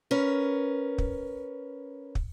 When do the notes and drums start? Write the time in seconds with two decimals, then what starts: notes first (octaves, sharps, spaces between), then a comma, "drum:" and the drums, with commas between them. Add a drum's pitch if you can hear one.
0.11 C#4 A#4 B4
0.98 drum: kick
2.15 drum: kick